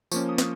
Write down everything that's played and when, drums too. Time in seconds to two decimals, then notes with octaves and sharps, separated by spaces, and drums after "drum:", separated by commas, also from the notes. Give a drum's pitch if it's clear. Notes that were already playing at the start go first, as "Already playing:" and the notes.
0.11 F3 A#3 C#4 C#6, drum: tambourine
0.29 D#6
0.38 drum: snare